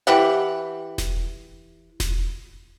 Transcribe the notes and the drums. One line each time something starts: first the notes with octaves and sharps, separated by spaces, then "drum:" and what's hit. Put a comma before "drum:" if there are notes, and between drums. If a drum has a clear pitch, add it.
E3 G4 F#5
drum: snare E1
drum: snare E1